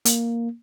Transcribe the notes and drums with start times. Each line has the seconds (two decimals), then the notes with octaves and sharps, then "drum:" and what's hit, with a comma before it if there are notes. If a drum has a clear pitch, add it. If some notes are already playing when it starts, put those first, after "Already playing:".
0.05 A#3, drum: hi-hat